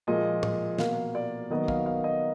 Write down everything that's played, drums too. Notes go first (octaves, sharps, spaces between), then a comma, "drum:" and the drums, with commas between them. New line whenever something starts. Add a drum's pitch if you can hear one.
A#2 F3 G#3 D#5
drum: tom
B2 A#3 F5, drum: snare
D5
D#3 F#3 B3 D#5
F5, drum: kick
F5
D#5